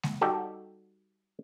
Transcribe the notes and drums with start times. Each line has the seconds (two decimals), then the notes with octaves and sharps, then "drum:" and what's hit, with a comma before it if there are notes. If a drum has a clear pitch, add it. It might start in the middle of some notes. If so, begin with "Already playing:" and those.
0.03 drum: snare G#3
0.21 G3 D#4 F#4 G4 A4